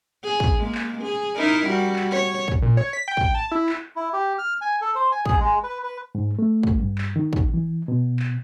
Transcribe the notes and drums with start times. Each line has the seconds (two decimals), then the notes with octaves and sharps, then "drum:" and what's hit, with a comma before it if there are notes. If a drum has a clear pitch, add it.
0.23 G#4
0.40 drum: kick
0.57 G#3 A#3
0.75 drum: clap
1.02 G#4
1.36 D#4 E4 A#4
1.67 G3 F#4
1.96 drum: clap
2.11 C#5
2.48 drum: kick
2.62 A#2
2.77 C#5
2.93 B6
3.08 G5
3.17 drum: kick
3.35 A5
3.52 E4
3.69 drum: clap
3.96 E4
4.13 G4
4.38 F6
4.61 G#5
4.81 A4
4.95 C5
5.12 G#5
5.26 G#4, drum: kick
5.40 G#3
5.63 B4
5.83 B4
6.15 G#2
6.39 A3
6.63 drum: kick
6.79 G2
6.98 drum: clap
7.16 D#3
7.33 drum: kick
7.54 E3
7.88 B2
8.19 drum: clap